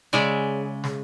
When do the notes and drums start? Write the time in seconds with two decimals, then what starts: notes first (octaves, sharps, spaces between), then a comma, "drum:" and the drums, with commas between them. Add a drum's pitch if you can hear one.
0.13 C#3 G#3 D5 E5 G#5, drum: snare
0.84 drum: snare